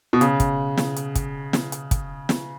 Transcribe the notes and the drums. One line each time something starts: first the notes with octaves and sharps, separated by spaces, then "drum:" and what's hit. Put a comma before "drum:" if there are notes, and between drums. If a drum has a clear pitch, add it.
B2
C#3, drum: hi-hat
drum: kick, hi-hat
drum: snare
drum: hi-hat
drum: kick, hi-hat
drum: snare
drum: hi-hat
drum: kick, hi-hat
drum: snare